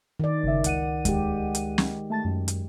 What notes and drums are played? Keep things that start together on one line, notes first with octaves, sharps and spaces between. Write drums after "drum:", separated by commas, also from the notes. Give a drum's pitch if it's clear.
D#3 D5
G1 C#3 E5
C#2 F#5 D#7, drum: hi-hat
G#3 G4, drum: kick D#2, hi-hat
drum: hi-hat
drum: snare
A3 A5 A6
F#2
drum: hi-hat